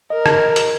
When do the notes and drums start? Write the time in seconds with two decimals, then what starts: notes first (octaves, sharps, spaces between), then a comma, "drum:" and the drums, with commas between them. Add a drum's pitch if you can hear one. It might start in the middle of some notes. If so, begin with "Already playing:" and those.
0.10 A#4 D#5
0.26 drum: rim click
0.56 drum: hi-hat